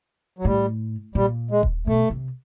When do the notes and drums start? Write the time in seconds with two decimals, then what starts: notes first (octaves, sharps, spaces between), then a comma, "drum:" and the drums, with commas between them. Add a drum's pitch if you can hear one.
0.39 F#3
0.45 A2 G3
1.15 A#2 G3
1.51 G#3
1.63 drum: kick D#1
1.87 B2 A3
2.10 C3